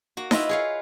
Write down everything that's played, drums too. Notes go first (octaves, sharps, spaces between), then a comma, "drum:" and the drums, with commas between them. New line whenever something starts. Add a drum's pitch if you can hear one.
A#3 F#4
E4 F4 B4 D#5, drum: snare D#4
G#4 C#5 F5